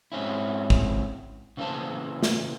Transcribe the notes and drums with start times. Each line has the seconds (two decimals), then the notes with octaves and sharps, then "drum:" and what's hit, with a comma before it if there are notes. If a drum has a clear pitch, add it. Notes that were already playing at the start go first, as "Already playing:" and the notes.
0.12 G#2 C4 C#4 E4
0.70 drum: kick
1.57 C#3 E3 A#3 C5 A5
2.23 drum: snare